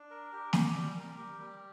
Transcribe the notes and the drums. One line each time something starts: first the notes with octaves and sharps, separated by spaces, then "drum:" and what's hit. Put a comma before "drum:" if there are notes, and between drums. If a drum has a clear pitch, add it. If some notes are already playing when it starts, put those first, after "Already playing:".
Already playing: D4
A#4
G4
G4, drum: snare
G3
A#4
G4
G3